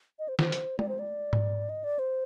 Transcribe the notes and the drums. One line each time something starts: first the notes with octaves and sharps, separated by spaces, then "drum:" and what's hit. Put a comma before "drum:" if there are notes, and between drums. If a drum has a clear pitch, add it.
D#5
C5
C5, drum: snare
drum: hi-hat
D5, drum: tom G#3
C5
D5
drum: tom G#2
D#5
D5
C5